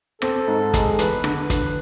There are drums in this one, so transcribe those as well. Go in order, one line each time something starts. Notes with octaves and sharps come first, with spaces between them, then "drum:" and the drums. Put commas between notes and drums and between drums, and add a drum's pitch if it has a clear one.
C4 A4, drum: rim click
G#2
G#3, drum: kick, hi-hat
E2 B4, drum: hi-hat
D3, drum: rim click
D3, drum: kick, hi-hat